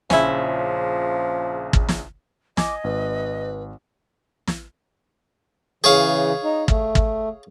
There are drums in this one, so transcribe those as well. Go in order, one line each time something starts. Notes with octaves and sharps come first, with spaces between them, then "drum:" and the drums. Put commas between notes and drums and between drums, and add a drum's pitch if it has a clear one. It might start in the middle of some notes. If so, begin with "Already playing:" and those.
A#1 C#3 F3 C#4 E4, drum: snare
drum: kick
drum: snare
D#5 G#5 D6, drum: snare
G#1 B4
drum: snare
C#3 E3 G#4 C#5 F5
D#4
A3, drum: kick
drum: kick